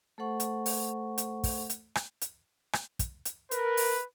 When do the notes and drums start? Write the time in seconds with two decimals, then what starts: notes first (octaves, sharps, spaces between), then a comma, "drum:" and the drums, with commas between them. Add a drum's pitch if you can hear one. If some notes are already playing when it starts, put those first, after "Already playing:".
0.18 A3 A4 C5 F#5 C#6
0.40 drum: hi-hat
0.66 drum: open hi-hat
1.18 drum: hi-hat
1.44 drum: kick, open hi-hat
1.69 drum: hi-hat
1.95 drum: rim click
2.21 drum: hi-hat
2.73 drum: rim click
2.99 drum: kick, hi-hat
3.25 drum: hi-hat
3.51 A#4 B4, drum: hi-hat
3.77 drum: open hi-hat